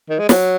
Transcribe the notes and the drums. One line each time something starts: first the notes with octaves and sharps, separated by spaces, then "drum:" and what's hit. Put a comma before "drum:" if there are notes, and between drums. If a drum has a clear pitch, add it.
D#3
G#3
F#3, drum: snare